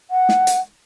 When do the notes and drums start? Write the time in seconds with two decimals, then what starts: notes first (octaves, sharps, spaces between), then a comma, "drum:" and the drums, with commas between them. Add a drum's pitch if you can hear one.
0.11 F#5
0.29 drum: snare
0.47 drum: hi-hat